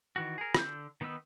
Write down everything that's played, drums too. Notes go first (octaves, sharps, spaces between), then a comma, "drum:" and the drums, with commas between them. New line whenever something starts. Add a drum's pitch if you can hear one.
D#3 E3 F#4
G#4 A#4
D3 E6 G6, drum: rim click
D#3 B3 D#4 B4 E6